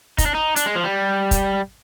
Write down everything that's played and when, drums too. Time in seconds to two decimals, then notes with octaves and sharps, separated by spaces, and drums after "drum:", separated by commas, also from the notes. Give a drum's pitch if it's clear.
0.18 D#4, drum: kick, hi-hat
0.26 D4
0.34 D#4
0.56 D4, drum: hi-hat
0.66 G#3
0.75 F3
0.84 G3
1.31 drum: kick, hi-hat